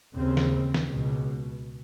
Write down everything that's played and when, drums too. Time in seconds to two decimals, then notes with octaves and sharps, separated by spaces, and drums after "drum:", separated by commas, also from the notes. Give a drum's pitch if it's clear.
0.15 D#2 C#3 C4
0.37 drum: snare
0.74 drum: snare
0.88 C#2 B2